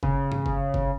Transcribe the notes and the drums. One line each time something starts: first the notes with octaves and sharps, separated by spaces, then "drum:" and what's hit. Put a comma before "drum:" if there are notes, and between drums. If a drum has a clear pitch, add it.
C#3, drum: kick G1
drum: tom G2
drum: kick G1
drum: kick G1